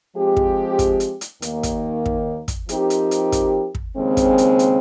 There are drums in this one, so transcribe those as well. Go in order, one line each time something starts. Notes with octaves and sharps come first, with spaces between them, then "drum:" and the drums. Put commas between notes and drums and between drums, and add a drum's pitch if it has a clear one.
F3 G#3 C4 G4
drum: kick
drum: kick, hi-hat
drum: hi-hat
drum: hi-hat
D#2 D#3 A#3, drum: hi-hat
drum: kick, hi-hat
drum: kick
drum: kick, hi-hat
F3 C4 D#4 G4 A#4, drum: hi-hat
drum: hi-hat
drum: hi-hat
drum: kick, hi-hat
drum: kick
D#2 C#3 G#3 C4
drum: kick, hi-hat
drum: hi-hat
drum: hi-hat